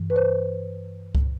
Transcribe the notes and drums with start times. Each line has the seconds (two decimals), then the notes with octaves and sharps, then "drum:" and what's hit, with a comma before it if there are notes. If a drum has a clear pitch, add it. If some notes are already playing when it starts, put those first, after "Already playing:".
Already playing: G2 E3
0.10 B4
0.16 C5
1.15 drum: kick C#2